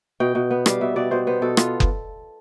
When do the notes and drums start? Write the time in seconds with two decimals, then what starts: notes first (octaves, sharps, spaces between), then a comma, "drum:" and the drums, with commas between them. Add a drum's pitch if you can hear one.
0.20 B2 G5
0.35 B2
0.51 B3
0.66 G3 F5, drum: rim click
0.81 B2 E5
0.96 B2 D5
1.11 B2 C5
1.27 B3 C5
1.42 B2 A4
1.57 B3 F4, drum: rim click
1.80 drum: kick F#1